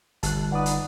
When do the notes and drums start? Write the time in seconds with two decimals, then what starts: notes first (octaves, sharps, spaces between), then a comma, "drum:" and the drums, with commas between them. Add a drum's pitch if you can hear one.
0.23 G1 A5 F#6, drum: hi-hat
0.52 D#4 B4 D5 F#5 D#6
0.66 drum: hi-hat